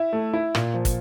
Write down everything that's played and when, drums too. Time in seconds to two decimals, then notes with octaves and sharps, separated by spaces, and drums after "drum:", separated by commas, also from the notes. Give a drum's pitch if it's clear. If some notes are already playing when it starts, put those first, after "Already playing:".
Already playing: E4
0.13 A3
0.33 E4
0.55 A#2, drum: rim click
0.74 F3
0.85 drum: kick, hi-hat